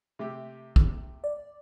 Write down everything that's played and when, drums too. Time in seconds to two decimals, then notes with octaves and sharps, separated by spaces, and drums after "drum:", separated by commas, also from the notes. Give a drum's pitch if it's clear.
0.19 C3 A3 G4
0.76 drum: kick
1.24 D5